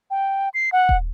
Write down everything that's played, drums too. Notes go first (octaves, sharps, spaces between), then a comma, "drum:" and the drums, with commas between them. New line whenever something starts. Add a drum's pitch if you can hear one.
G5
C7
F#5
drum: kick D#1